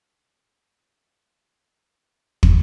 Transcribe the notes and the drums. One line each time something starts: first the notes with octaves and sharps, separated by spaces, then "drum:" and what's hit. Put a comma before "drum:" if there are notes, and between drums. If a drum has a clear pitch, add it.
F3 A3 C4 D#4 F4 G4
drum: kick